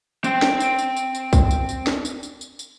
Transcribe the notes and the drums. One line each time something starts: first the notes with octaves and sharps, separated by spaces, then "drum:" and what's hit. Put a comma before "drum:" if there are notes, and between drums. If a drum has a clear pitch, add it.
C4 G5, drum: tambourine
drum: snare
drum: tambourine
drum: tambourine
drum: tambourine
drum: tambourine
drum: kick, tambourine
drum: tambourine
drum: tambourine
drum: snare
drum: tambourine
drum: tambourine
drum: tambourine
drum: tambourine